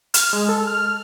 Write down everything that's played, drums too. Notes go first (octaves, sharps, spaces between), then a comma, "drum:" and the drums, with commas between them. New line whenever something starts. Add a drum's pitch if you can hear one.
F6, drum: hi-hat
G#3
A4
F6